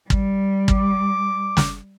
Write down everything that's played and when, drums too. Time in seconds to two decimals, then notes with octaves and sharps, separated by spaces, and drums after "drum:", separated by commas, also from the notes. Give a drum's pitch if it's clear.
0.10 G3, drum: kick
0.68 D6, drum: kick
1.57 drum: snare